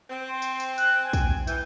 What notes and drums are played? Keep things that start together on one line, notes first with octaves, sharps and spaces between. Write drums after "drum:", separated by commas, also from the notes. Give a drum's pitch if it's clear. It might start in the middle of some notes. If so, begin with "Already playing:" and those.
C4
C6
drum: tambourine
drum: tambourine
F#6, drum: tambourine
G#5
drum: kick, tambourine
E3 G6, drum: tambourine